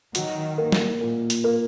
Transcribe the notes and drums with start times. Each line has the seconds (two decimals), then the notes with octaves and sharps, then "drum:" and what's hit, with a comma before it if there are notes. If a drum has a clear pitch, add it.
0.15 D#3 F#3, drum: hi-hat
0.58 A#3
0.72 drum: snare
1.01 A#2
1.30 drum: hi-hat
1.44 A#3